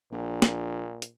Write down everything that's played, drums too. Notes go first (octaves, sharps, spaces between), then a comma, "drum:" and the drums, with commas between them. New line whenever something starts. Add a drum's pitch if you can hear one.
A#1 A#2
drum: snare
drum: hi-hat